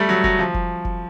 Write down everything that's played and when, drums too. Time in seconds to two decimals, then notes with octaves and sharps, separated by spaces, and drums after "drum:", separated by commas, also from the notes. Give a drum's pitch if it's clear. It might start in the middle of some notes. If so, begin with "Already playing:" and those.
Already playing: G3 A3
0.09 F#3
0.24 F#3, drum: kick F1
0.39 F3
0.54 drum: kick F1
0.85 drum: kick F1